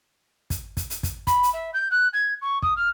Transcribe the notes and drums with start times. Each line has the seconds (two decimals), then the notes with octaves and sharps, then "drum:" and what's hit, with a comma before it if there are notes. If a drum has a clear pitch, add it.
0.50 drum: kick, hi-hat
0.77 drum: kick, hi-hat
0.90 drum: hi-hat
1.03 drum: kick, hi-hat
1.27 B5, drum: kick, hi-hat
1.43 drum: hi-hat
1.53 E5
1.74 G6
1.91 F#6
2.13 G#6
2.42 C#6
2.62 D#6, drum: kick
2.76 F6